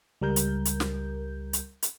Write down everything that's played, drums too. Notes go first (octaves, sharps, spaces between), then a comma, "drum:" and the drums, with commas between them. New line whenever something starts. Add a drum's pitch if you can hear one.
C#2 G3 A#4 G6
drum: hi-hat
drum: hi-hat
drum: snare
drum: hi-hat
drum: hi-hat